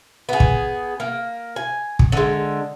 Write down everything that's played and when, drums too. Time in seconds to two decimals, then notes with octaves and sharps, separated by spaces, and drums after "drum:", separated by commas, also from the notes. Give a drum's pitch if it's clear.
0.29 B3 G#4
0.40 drum: kick
1.00 A#3
1.56 G#5
1.99 drum: kick
2.12 D3 G#3